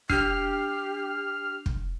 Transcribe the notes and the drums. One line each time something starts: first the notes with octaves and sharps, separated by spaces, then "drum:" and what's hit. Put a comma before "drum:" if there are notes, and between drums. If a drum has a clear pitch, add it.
D4 G4 F6 C7, drum: kick
drum: kick